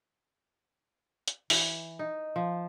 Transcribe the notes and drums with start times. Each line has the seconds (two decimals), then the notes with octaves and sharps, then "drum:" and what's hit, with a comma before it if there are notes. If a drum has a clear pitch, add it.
1.28 drum: hi-hat
1.50 E3, drum: open hi-hat
1.99 D#4
2.36 F3